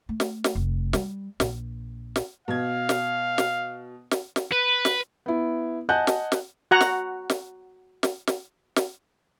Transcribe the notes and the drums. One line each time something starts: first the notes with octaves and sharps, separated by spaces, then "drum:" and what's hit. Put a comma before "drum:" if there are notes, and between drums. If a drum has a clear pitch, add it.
A3
drum: snare
drum: snare
F1
G3, drum: snare
A#1, drum: snare
drum: snare
B2 F5 G#6
drum: snare
drum: snare
drum: snare
drum: snare
B4
drum: snare
B3 E4
D#5 F#5 G#5 A5 F#6 G6
drum: snare
drum: snare
F#4 F#5 A#5
drum: snare
drum: snare
drum: snare
drum: snare
drum: snare